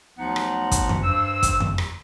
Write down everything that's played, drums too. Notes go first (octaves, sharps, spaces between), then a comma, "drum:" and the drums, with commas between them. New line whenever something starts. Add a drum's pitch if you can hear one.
D2 F3 F#3 B3 D#4 F#5
drum: rim click
drum: kick, hi-hat
drum: tom F2
G2 C5 E6
drum: kick, hi-hat
drum: tom F2
drum: rim click